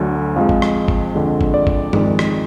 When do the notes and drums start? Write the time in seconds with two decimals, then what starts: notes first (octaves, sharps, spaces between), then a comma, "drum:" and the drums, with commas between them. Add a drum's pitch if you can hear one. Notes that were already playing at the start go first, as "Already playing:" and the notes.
Already playing: D2 D3 F#3
0.36 F2 F3 G#3 F5
0.49 drum: kick
0.62 drum: rim click
0.88 drum: kick
1.15 F2 D3 G#3
1.41 drum: kick
1.54 D5
1.67 drum: kick
1.93 F2 D#3 G#3, drum: tom G2
2.19 drum: rim click